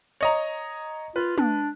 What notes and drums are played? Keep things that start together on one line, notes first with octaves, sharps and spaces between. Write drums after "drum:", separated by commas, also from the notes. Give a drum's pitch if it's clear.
C#5 D#5 A#5
F4 B4
D4, drum: tom